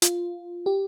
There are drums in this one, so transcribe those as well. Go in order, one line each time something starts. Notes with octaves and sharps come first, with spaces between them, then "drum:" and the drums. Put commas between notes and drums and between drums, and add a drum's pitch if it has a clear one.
F4, drum: hi-hat
G4